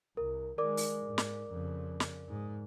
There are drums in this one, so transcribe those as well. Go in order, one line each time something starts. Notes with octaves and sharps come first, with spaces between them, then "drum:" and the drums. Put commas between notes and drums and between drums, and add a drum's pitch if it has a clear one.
C2 A#4
D#3 G#3 A#4 D5 D6
drum: open hi-hat
G#2
drum: snare
F2 C#3
drum: snare
G#2